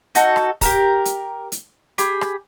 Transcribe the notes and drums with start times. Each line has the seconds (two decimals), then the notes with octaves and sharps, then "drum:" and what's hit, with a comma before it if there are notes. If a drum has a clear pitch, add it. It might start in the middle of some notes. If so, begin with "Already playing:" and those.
0.15 D#4 F#4 A4, drum: hi-hat
0.36 drum: rim click
0.61 G4 A#4 A#5, drum: kick, open hi-hat
1.05 drum: hi-hat
1.52 drum: hi-hat
1.98 G4 G#4 B5, drum: hi-hat
2.21 drum: rim click